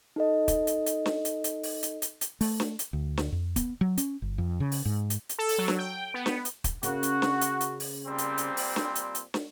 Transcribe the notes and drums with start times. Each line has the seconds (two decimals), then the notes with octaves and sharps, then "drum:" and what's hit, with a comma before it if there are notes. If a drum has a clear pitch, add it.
0.16 D#4 A4 D#5
0.48 drum: kick, hi-hat
0.67 drum: hi-hat
0.86 drum: hi-hat
1.06 drum: snare
1.25 drum: hi-hat
1.44 drum: hi-hat
1.63 drum: open hi-hat
1.83 drum: hi-hat
2.02 drum: hi-hat
2.21 drum: hi-hat
2.41 A3, drum: open hi-hat
2.60 drum: snare
2.79 drum: hi-hat
2.93 D2
3.17 drum: snare
3.32 F2
3.56 B3, drum: kick, hi-hat
3.81 F#3
3.97 C#4, drum: hi-hat
4.22 G1
4.38 F2
4.60 C#3
4.72 drum: open hi-hat
4.85 G#2
5.10 drum: hi-hat
5.29 drum: hi-hat
5.38 A4
5.49 drum: open hi-hat
5.58 F#3
5.68 drum: snare
5.78 G5
6.14 B3
6.26 drum: snare
6.45 drum: hi-hat
6.64 drum: kick, hi-hat
6.83 C#3 A#3 C#4 F#4, drum: hi-hat
7.03 drum: hi-hat
7.22 drum: snare
7.41 drum: hi-hat
7.61 drum: hi-hat
7.80 drum: open hi-hat
8.07 A#2 G3 C4
8.18 drum: hi-hat
8.38 drum: hi-hat
8.57 drum: open hi-hat
8.76 drum: snare
8.95 drum: hi-hat
9.15 drum: hi-hat
9.34 drum: snare